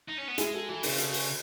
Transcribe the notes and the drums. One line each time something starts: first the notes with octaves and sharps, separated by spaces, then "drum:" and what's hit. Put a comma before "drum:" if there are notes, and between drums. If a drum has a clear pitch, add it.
D#4
C#4
B3
G#3 E4 G#4, drum: hi-hat
F#4 A4
E3 F#4 A4
C#3 E4 G#4, drum: open hi-hat
B4
F#4 A4, drum: hi-hat
drum: open hi-hat